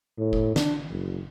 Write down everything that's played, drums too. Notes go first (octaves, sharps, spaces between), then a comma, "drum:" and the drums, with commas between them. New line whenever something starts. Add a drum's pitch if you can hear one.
A2
drum: kick F#1
D4, drum: snare
F#1